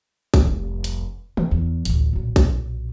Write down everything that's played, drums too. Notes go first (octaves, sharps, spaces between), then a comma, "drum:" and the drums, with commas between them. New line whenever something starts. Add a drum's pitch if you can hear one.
drum: kick A#1, hi-hat
F1 C2
drum: hi-hat
C3, drum: tom
E2
A1 D2, drum: hi-hat
B1 A#2
drum: kick A#1, hi-hat